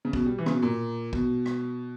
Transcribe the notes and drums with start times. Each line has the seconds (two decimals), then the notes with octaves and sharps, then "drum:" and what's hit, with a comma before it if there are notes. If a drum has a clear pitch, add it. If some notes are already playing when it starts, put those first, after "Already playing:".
0.05 C#3
0.13 B2, drum: kick
0.26 G3
0.38 E3
0.46 C#3, drum: rim click
0.51 B2
0.62 A#2
1.13 B2, drum: kick
1.46 drum: rim click